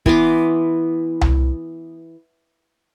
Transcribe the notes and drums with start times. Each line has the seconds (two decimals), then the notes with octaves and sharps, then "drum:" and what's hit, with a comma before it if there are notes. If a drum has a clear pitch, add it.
0.06 E3 B3 C6 D6, drum: kick
1.21 drum: tom C2